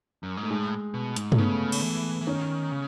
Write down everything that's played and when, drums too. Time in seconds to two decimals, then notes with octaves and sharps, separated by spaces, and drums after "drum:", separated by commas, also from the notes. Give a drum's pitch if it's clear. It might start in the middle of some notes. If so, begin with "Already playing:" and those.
0.23 F#2
0.37 G#2
0.43 A3
0.50 A2 G#3
0.94 B2
1.16 G#2, drum: hi-hat
1.32 A3, drum: tom
1.38 C#3 B3
1.72 drum: cymbal
1.83 E3
2.21 E3
2.27 D#3 C#4
2.71 C#3